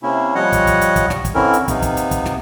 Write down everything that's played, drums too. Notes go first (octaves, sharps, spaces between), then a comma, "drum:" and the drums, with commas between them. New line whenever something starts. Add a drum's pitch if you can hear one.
C3 A#3 C#4 E4
F3 G3 C#5 D#5 F#5
drum: kick, hi-hat
drum: kick, hi-hat
drum: hi-hat
drum: kick, hi-hat
drum: snare
drum: kick, hi-hat
D3 E3 C4 C#4 E4 A#4
drum: hi-hat
C3 A#3 B3 D#4, drum: kick, hi-hat
drum: kick, hi-hat
drum: hi-hat
drum: kick, hi-hat
drum: snare